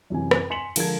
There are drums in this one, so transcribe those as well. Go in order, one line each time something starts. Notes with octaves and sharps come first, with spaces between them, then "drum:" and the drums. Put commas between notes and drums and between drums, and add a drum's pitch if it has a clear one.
F#2 C3 E3 G#5
drum: rim click
G#5 C6 B6 C#7 E7 F#7
D3 F3 G#3 A#4 A5 G#6, drum: cymbal